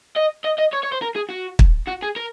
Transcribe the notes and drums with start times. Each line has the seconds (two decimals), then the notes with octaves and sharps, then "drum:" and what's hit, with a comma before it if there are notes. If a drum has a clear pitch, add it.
0.16 D#5
0.44 D#5
0.58 D#5
0.73 C#5
0.83 C#5
0.92 C5
1.02 A#4
1.16 G#4
1.30 F#4
1.59 drum: kick
1.87 F#4
2.02 G#4
2.16 A#4